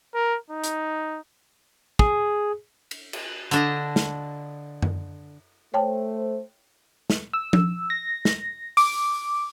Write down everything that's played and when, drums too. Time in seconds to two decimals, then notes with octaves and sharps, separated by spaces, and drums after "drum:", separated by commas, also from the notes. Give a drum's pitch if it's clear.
0.14 A#4
0.50 D#4
0.64 drum: hi-hat
1.99 G#4, drum: kick
2.91 drum: cymbal
3.13 drum: cymbal
3.51 D3 D4 D#5, drum: hi-hat
3.96 drum: snare
4.82 drum: tom F#2
5.74 A3 C5 C#5 G5 A5
7.10 drum: snare
7.34 E6
7.53 drum: tom F3
7.90 A#6
8.25 drum: snare
8.77 D6, drum: open hi-hat